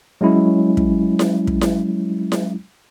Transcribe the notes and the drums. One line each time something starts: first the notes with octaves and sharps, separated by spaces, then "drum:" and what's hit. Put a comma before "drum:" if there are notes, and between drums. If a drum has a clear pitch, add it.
F#3 G#3 C#4 E4
drum: kick
drum: snare E4
drum: kick
drum: snare E4
drum: snare E4